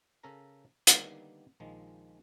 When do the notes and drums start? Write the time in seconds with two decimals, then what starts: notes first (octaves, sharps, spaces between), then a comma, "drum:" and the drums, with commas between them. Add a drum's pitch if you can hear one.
0.23 C#3 C#4 A4 A#4 A#5
0.87 D3 D#3 G3 A#3 B3, drum: hi-hat
1.60 A#1 D#3 F3 G#3